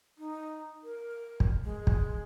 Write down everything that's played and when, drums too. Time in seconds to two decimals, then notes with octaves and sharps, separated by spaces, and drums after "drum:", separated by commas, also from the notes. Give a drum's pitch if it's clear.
0.18 D#4
0.84 A#4
1.40 drum: kick
1.64 G#3
1.87 drum: kick